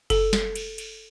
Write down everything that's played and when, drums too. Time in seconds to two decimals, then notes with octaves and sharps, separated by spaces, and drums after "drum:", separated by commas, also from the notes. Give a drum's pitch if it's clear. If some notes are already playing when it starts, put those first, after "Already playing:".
0.10 A4, drum: kick F#1, cymbal
0.33 drum: snare
0.56 drum: cymbal
0.78 drum: cymbal